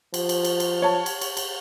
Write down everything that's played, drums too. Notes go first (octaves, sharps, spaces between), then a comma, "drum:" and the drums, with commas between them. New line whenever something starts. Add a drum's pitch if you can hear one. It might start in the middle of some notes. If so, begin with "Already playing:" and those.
F3, drum: cymbal
drum: cymbal
drum: cymbal
drum: cymbal
C#5 A5
drum: cymbal
drum: cymbal
drum: cymbal